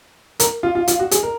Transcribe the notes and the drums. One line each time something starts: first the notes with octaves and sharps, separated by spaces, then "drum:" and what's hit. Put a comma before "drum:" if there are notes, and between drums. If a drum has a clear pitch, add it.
A#4, drum: hi-hat
F4
F4
F4, drum: hi-hat
F#4
G#4, drum: hi-hat
A#4